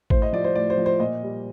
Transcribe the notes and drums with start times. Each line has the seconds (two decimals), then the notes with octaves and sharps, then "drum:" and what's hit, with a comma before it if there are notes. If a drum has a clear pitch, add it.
0.10 A2 C5, drum: kick G#1
0.22 D#5
0.33 F3 D5
0.44 C5
0.55 A2 D5
0.70 C5
0.78 F3
0.86 C5
1.00 A#2 D#5
1.23 G3